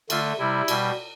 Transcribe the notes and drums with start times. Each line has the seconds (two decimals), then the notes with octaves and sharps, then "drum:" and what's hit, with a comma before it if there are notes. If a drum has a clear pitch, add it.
0.10 D3 A3 F4, drum: cymbal
0.39 C3 G3 E4
0.68 B2 G3, drum: cymbal